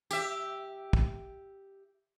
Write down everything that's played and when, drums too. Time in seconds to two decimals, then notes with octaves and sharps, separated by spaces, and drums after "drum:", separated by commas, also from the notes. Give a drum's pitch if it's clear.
0.11 G4 E5, drum: tambourine
0.93 drum: kick